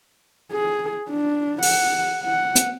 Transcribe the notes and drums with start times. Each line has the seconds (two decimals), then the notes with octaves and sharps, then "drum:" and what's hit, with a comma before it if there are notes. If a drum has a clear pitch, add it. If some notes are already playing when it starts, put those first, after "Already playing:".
0.52 G#4
1.10 D4
1.63 F#5, drum: open hi-hat
2.24 F#5
2.56 drum: hi-hat